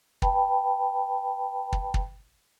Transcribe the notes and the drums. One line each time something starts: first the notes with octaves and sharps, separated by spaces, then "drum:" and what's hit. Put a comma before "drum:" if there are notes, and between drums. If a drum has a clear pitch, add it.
B4 G5 A5 B5, drum: kick
drum: kick
drum: kick